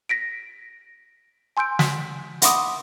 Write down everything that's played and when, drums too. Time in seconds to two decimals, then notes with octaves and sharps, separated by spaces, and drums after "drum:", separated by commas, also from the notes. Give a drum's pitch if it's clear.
0.09 A#6 B6 D7
1.57 G#5 C6 E6 G6 D7
1.79 B6, drum: snare
2.42 E5 F#5 B5 C6 D6 D#6, drum: hi-hat